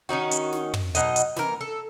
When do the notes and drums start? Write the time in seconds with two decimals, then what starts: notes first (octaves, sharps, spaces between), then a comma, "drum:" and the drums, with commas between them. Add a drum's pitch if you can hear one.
0.09 D#3 C#4 D#4 F#4
0.31 drum: hi-hat
0.52 drum: snare
0.74 drum: tom
0.95 B2 F#3 D#4 D#5, drum: hi-hat
1.16 drum: hi-hat
1.36 E3 A#4, drum: snare
1.61 A4